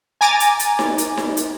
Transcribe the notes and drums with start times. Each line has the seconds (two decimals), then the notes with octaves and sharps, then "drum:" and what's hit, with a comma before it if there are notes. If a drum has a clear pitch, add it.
0.21 G#5 A#5 D6 A6
0.40 drum: hi-hat
0.59 drum: hi-hat
0.79 drum: snare D#4
0.98 drum: hi-hat
1.17 drum: snare D#4
1.37 drum: hi-hat